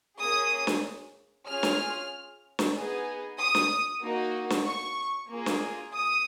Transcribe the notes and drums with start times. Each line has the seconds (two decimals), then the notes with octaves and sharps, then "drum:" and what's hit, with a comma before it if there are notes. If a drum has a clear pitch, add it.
0.19 A#3 C#4 G#4 D#6
0.67 drum: snare
1.47 C#4 F4 G#4 F6
1.63 drum: snare
2.59 drum: snare
2.75 B3 D#4 G#4
3.39 D#6
3.55 drum: snare
4.02 A#3 D#4 F#4
4.50 drum: snare
4.66 C#6
5.30 A#3 F4 G#4
5.46 drum: snare
5.95 D#6